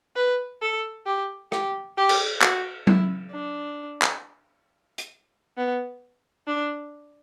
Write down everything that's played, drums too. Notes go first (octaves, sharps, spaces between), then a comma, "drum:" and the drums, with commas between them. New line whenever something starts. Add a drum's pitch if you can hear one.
B4
A4
G4
G4, drum: rim click
G4
drum: cymbal
F#4, drum: clap
E4, drum: tom F#3
D4
drum: clap
drum: hi-hat
B3
D4